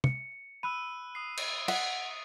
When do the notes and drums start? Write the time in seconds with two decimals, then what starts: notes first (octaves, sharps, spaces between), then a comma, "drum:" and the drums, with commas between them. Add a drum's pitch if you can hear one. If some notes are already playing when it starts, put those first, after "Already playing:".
0.04 C#7, drum: tom
0.63 B5 E6 F#6 D#7
1.15 D#6 C7
1.37 drum: cymbal
1.68 F#5 D#6 B6 C7, drum: cymbal